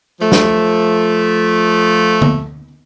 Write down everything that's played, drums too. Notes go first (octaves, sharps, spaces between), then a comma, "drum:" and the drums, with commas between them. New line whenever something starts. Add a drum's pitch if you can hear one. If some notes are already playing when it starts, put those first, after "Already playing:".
F3 A3
drum: snare
drum: tom D3